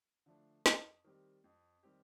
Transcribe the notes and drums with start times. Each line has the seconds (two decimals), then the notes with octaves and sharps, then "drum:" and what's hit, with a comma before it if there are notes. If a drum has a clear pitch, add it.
0.26 D3 F3 A3 D4
0.66 F2, drum: snare
1.04 D#3 G3 C4 G4
1.44 F2
1.83 D#3 G3 C4 G4